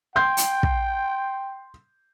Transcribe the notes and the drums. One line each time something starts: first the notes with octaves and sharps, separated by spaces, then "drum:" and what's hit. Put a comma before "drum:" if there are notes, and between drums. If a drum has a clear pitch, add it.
G5 C6 G6
drum: hi-hat
drum: kick